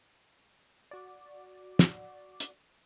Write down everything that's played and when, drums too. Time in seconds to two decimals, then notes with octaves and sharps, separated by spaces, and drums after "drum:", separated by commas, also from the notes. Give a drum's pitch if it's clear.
0.91 F#4 D5
1.79 drum: snare
2.40 drum: hi-hat